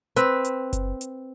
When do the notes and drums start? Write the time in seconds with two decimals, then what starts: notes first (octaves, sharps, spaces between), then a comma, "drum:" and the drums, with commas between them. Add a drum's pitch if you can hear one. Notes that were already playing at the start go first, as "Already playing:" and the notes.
0.16 C4 B4, drum: hi-hat
0.45 drum: hi-hat
0.73 drum: kick F#1, hi-hat
1.01 drum: hi-hat